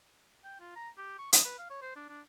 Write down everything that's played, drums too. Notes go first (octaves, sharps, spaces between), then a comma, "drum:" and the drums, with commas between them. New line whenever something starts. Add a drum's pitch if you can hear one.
G5
F4
A#5
G4
C#6
D#5, drum: hi-hat
B4
F5
C#5
C5
D4
D4